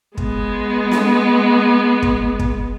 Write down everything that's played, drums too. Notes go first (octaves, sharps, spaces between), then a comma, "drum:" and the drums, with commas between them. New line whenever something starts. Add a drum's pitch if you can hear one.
G#3 B3, drum: kick
drum: snare
drum: kick
drum: kick